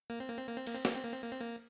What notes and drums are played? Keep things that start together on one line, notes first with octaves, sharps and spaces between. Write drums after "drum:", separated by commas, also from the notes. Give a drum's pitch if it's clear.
A#3
C4
A#3
C4
A#3
C4
A#3, drum: cymbal
C4
A#3, drum: snare
C4
A#3
C4
A#3
C4
A#3